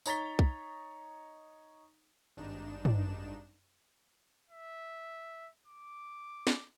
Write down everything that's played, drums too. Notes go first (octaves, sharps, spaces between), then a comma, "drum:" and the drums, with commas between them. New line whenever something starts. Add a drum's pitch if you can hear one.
D#4 C#5 A#5 A6 B6 G7, drum: tambourine
drum: kick
G#1 G2 D4 D#4 E7
drum: tom
E5
D6
drum: snare